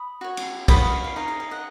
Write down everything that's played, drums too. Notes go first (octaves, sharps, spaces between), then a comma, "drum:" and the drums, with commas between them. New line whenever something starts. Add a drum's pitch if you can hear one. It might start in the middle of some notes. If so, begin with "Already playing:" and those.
Already playing: B5 D#6
F#4 C#5
drum: cymbal
F#4 B4 D#5 B5 D#6, drum: kick, cymbal
F5
F5
F5
D#4 G#4 C#5 F5
F5
F5
D#5 F#5